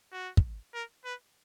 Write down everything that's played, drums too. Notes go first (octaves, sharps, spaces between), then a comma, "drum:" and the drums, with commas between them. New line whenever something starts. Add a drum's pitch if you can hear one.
F#4
drum: kick
A#4
B4